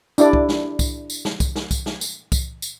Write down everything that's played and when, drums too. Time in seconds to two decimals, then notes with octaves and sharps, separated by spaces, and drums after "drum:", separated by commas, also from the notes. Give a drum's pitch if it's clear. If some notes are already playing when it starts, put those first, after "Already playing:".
0.18 D4 E4 G4 D5, drum: tambourine
0.33 drum: kick C2
0.49 drum: snare
0.79 drum: kick C2, tambourine
1.10 drum: tambourine
1.25 drum: snare
1.40 drum: kick C2, tambourine
1.55 drum: snare
1.71 drum: kick C2, tambourine
1.86 drum: snare
2.01 drum: tambourine
2.32 drum: kick C2, tambourine
2.62 drum: tambourine